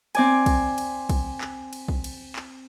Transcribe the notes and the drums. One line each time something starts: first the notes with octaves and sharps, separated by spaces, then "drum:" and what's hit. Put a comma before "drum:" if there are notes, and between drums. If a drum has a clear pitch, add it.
C4 D5 G#5, drum: cymbal
drum: kick A#1, cymbal
drum: cymbal
drum: kick A#1, cymbal
drum: clap
drum: cymbal
drum: kick A#1
drum: cymbal
drum: clap